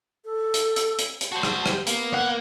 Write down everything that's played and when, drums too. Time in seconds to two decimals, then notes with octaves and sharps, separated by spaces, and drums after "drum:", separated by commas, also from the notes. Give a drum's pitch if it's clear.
0.25 A4
0.54 drum: hi-hat
0.76 drum: hi-hat
0.99 drum: hi-hat
1.21 drum: hi-hat
1.32 F#4 C5 A5
1.43 drum: rim click
1.66 G4, drum: rim click
1.87 A#3 B3, drum: hi-hat
2.14 F#5